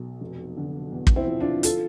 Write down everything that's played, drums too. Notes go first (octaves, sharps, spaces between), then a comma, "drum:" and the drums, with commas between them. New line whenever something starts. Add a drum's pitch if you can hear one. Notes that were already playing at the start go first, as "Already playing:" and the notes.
Already playing: B1
F1
D3
E2
drum: kick
C4 E4
F3
D4 F4
F4 A4, drum: hi-hat